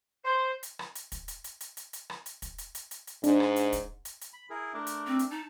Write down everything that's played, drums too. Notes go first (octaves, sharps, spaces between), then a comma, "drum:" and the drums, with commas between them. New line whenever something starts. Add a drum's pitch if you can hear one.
C5
drum: hi-hat
drum: rim click
drum: hi-hat
drum: kick, hi-hat
drum: hi-hat
drum: hi-hat
drum: hi-hat
drum: hi-hat
drum: hi-hat
drum: rim click
drum: hi-hat
drum: kick, hi-hat
drum: hi-hat
drum: hi-hat
drum: hi-hat
drum: hi-hat
G#2 D4, drum: hi-hat
drum: rim click
drum: hi-hat
drum: kick, hi-hat
drum: hi-hat
drum: hi-hat
B5
E4 G#4 A#4
A3 D4 A#4
drum: hi-hat
C4
drum: hi-hat
D#4 A5